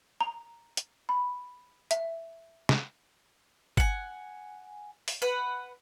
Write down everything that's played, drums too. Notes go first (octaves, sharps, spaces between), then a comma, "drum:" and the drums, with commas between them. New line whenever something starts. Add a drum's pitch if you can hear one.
A#5
drum: hi-hat
B5
E5, drum: hi-hat
drum: snare
F#5 G#5, drum: kick G1
drum: open hi-hat
B4 F#5